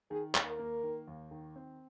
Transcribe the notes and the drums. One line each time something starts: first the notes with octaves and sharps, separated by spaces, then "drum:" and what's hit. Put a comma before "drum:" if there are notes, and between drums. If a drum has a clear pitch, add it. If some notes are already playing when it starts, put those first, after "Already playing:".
D#3 G#4
D#2, drum: clap
A#4
A#3
D#3
D#2
D#3
C4